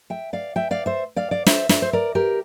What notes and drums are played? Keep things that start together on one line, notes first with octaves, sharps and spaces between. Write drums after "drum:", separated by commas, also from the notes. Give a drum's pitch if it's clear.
E5 G5
D5 F5
E5 G5
D5 F5
C5 E5
D5 F5
D5 F5
C5 E5, drum: snare
C5 E5, drum: snare
C5
A#4 D5
G4 A#4